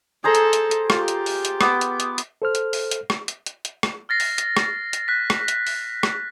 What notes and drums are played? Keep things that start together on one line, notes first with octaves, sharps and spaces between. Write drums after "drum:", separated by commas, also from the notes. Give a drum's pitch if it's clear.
G#4 A4 C5 A#5
drum: hi-hat
drum: hi-hat
drum: hi-hat
F4 G4, drum: rim click
drum: hi-hat
drum: open hi-hat
drum: hi-hat
B3 D6, drum: rim click
drum: hi-hat
drum: hi-hat
drum: hi-hat
A4 C5 F6
drum: hi-hat
drum: open hi-hat
drum: hi-hat
drum: rim click
drum: hi-hat
drum: hi-hat
drum: hi-hat
drum: rim click
F6 A6 A#6 C7
drum: open hi-hat
drum: hi-hat
drum: rim click
drum: hi-hat
F#6 B6
drum: rim click
drum: hi-hat
drum: open hi-hat
drum: rim click